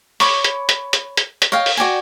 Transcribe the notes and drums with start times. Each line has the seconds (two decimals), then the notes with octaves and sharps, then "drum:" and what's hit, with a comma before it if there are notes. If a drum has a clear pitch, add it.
0.20 C#5 B5 C#6 D6, drum: open hi-hat
0.44 drum: hi-hat
0.69 drum: hi-hat
0.93 drum: hi-hat
1.17 drum: hi-hat
1.42 drum: hi-hat
1.52 C#5 D#5 F5 G5
1.66 drum: open hi-hat
1.77 F#4 D5 G5 G#5